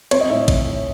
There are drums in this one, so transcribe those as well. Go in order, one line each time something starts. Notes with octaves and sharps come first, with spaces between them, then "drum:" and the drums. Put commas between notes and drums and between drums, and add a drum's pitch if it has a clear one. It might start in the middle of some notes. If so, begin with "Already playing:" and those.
C4 C#5, drum: cymbal
D#5
A2 E5
drum: kick A1, cymbal